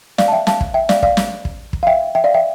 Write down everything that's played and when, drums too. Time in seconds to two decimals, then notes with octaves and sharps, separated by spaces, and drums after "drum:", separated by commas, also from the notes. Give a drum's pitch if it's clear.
0.18 D5 F5, drum: snare
0.28 A5
0.32 E5 G5
0.47 F5 A5, drum: snare
0.61 drum: kick
0.74 E5 G5
0.89 D5 F5, drum: snare
1.03 D5 F5, drum: kick
1.17 drum: snare
1.45 drum: kick
1.73 drum: kick
1.83 F5
1.87 E5 G5
2.15 E5 G5
2.24 D5 F5
2.34 E5 G5